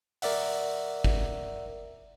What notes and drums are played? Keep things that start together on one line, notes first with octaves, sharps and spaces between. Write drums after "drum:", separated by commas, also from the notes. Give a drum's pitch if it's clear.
A#4 D5 E5 F#5, drum: open hi-hat
drum: kick